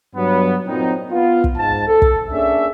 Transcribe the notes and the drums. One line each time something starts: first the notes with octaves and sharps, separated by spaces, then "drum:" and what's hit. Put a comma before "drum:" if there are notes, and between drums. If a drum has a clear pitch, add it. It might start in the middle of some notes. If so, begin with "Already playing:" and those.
G2 F#3 B3
A#2 F#3 C4 D#4
B3 F4
drum: kick
G#2 A5
A4
drum: kick
A#3 C#4 D4 G#4 C#5 E5